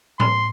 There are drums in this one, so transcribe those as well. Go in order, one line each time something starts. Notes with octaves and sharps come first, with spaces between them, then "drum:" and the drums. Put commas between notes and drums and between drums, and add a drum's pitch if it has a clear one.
C6, drum: tom A2